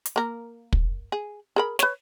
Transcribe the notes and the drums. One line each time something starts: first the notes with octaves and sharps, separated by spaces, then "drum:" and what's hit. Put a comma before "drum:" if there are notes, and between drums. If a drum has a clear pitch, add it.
drum: hi-hat
A#3 A#4
drum: kick
G#4
G#4 A#4 B5
B4 C#5, drum: snare